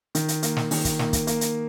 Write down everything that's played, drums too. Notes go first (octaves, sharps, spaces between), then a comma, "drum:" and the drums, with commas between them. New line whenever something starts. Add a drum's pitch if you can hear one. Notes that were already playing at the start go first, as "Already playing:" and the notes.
D#3, drum: hi-hat
drum: hi-hat
A#3, drum: hi-hat
drum: snare
D#3, drum: open hi-hat
drum: kick, hi-hat
A#3, drum: snare
drum: kick, hi-hat
A#3, drum: hi-hat
drum: hi-hat